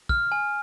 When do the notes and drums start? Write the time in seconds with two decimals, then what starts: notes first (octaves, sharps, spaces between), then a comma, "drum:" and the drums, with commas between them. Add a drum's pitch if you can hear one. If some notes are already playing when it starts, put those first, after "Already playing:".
0.09 F6, drum: kick
0.32 G#5